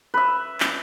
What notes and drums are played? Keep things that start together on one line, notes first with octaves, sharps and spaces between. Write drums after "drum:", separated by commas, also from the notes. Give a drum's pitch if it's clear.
B4 E5
drum: clap